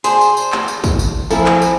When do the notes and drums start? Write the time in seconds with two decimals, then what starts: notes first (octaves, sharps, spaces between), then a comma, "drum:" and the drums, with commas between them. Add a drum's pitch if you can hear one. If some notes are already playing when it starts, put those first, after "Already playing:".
0.04 G#4 C5 D5 A5, drum: tambourine
0.21 drum: tambourine
0.37 drum: tambourine
0.52 drum: clap
0.68 drum: tambourine
0.84 drum: kick, tambourine
0.99 drum: tambourine
1.30 F3 C4 E4 A4 C5 G#5 A#5, drum: tambourine
1.46 drum: clap
1.62 drum: tambourine